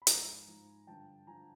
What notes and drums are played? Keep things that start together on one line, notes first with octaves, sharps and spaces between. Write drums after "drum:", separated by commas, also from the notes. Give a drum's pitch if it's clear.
B5
G#2 F3 G#5 A#5, drum: hi-hat
G#2 F3
G2 D3 F3 G5 A5
D3 F3 G#5 A#5